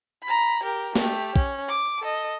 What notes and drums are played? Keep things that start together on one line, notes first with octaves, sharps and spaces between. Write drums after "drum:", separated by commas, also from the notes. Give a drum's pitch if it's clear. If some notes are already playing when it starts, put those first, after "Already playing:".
A#5 B5
G4 A#4
A3 G4, drum: snare A#3
C#4, drum: kick
D6
A4 D#5